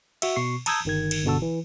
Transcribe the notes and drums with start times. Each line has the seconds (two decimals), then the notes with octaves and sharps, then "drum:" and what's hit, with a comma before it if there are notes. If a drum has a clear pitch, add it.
0.22 F#4 E5, drum: cymbal
0.36 B2 C#6 C7
0.66 A5 A#5 D#6 E6 G6 G#6, drum: cymbal
0.85 G1 D#3 G#6
1.11 drum: cymbal
1.25 G1 B2 D3 F#4 A5 E6
1.42 E3